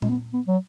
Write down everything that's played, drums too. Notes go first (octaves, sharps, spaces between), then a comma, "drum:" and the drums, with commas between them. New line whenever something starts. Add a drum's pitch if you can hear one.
G#3, drum: tom A#2
B3
B3
F#3